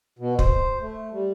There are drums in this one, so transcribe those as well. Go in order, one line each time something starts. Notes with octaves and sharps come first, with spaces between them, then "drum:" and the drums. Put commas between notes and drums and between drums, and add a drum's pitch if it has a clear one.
B2
C5, drum: kick
A3
G3